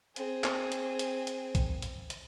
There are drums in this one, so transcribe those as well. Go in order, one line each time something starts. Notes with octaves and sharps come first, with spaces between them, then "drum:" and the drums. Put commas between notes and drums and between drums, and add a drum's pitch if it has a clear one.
C4 G#4, drum: hi-hat
drum: clap
drum: hi-hat
drum: hi-hat
drum: hi-hat
drum: kick A#1, hi-hat
drum: hi-hat
drum: hi-hat